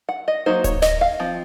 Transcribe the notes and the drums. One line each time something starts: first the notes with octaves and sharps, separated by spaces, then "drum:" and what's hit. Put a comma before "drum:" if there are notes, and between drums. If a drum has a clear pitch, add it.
F#5
D#5
F#3 A#3 D#4 C5
C#5, drum: kick D1, hi-hat
D#5, drum: snare
F5
F3 C4